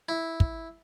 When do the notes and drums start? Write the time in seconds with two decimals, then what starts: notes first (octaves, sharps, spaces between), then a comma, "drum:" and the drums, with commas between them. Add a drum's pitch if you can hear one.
0.09 E4
0.40 drum: kick